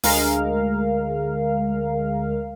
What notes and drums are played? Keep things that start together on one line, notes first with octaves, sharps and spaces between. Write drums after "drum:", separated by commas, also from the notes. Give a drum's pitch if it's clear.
D2 G#3 A#4 F5, drum: open hi-hat